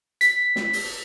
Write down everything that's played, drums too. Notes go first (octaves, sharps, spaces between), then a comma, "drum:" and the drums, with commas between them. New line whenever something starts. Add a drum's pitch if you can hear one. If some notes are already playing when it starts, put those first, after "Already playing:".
B6, drum: hi-hat
drum: snare
drum: open hi-hat